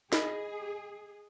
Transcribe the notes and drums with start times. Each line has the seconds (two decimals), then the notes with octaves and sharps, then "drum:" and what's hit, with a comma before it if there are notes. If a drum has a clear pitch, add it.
0.13 G#4 D#5 B5, drum: snare